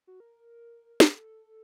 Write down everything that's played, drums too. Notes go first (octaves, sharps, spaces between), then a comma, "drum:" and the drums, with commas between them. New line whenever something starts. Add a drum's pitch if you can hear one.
F#4
A#4
A4, drum: snare